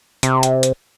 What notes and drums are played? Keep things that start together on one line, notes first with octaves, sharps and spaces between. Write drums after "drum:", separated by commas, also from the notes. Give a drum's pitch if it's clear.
C3, drum: hi-hat
drum: hi-hat
drum: hi-hat